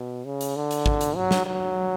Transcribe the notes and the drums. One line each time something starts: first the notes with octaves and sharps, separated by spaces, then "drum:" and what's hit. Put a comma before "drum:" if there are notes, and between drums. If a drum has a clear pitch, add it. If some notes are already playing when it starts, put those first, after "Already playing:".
Already playing: B2
C#3
drum: hi-hat
D3
drum: hi-hat
drum: kick
drum: hi-hat
F#3
drum: snare
F#3